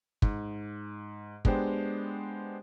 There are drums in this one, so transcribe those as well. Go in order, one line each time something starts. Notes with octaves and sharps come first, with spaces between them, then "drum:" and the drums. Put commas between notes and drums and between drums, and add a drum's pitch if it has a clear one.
G#2, drum: kick
G#3 B3 D4 G4 C5 G5, drum: kick